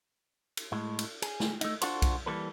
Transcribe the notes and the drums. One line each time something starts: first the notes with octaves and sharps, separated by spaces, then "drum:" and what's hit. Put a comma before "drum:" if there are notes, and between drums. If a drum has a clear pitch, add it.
drum: cymbal
A2 G#3
drum: cymbal
G#4, drum: cymbal
drum: snare
A3 D#4, drum: cymbal
D4 F4 F#4 A4 C5, drum: cymbal
drum: kick B1, cymbal
E3 G3 A#3 A4 B4